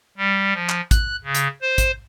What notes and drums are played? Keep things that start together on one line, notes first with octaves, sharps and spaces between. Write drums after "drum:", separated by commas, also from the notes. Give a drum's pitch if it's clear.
G3
F3
drum: clap
F#6, drum: kick A1, hi-hat
C#3
drum: hi-hat
C5
drum: kick A1, hi-hat